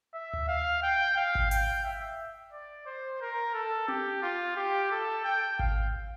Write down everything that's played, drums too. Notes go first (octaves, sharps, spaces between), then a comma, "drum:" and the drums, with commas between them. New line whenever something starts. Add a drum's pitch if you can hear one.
E5
drum: tom D2
F5
G5
F5
drum: kick G#1
G5, drum: hi-hat
E5
D5
C5
A#4
A4
G4, drum: tom C4
F4
G4
A4
G5
F5, drum: kick G#1